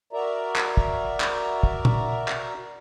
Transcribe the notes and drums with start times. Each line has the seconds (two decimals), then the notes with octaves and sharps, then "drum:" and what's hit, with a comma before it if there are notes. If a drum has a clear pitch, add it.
0.13 F#4 A#4 D5 E5 A#5
0.56 drum: clap
0.77 drum: kick
1.20 drum: clap
1.63 drum: kick
1.85 drum: tom A#2
2.28 drum: clap